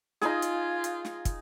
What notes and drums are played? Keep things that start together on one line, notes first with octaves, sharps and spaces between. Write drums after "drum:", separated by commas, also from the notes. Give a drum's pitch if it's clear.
D#4 F4 G#4, drum: snare
drum: hi-hat
drum: hi-hat
drum: snare
drum: kick, hi-hat